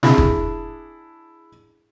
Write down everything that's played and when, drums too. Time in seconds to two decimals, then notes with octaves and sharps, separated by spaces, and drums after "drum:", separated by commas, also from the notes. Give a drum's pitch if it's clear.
0.03 D4 E4 G#4, drum: snare
0.18 drum: kick F1